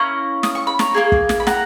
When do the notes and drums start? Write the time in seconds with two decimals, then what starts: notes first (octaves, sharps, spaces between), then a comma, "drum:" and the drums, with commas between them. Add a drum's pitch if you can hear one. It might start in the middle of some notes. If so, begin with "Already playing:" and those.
Already playing: A#3 C#4 E4 A#5 C#6
0.43 D#6, drum: snare
0.55 C#6
0.67 B5
0.79 A#5 C#6, drum: snare
0.94 A#3 E4 G#4
1.12 drum: kick
1.29 drum: snare
1.40 B5
1.47 F#5 A#5, drum: snare